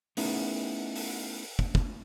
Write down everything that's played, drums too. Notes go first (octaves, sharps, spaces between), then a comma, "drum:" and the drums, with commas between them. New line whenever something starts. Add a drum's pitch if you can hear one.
A3 B3 C#4 D#4 E4 G#4, drum: open hi-hat
drum: open hi-hat
drum: kick
drum: kick